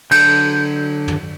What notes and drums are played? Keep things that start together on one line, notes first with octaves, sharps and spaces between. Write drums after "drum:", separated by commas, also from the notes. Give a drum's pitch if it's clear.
D3 F#3 G6, drum: cymbal
drum: tom